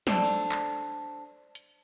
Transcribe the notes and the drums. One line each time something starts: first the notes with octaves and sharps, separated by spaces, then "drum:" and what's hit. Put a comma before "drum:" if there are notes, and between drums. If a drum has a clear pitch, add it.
D4 A4 C5, drum: snare
drum: cymbal
drum: clap
drum: hi-hat